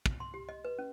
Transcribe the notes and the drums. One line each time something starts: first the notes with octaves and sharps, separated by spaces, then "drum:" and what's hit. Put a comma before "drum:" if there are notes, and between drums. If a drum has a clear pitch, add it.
drum: kick
C6
G4
D#5
B4
C#4